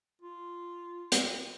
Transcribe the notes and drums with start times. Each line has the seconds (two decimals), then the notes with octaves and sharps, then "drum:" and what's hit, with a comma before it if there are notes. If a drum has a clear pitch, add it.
0.22 F4
1.12 drum: hi-hat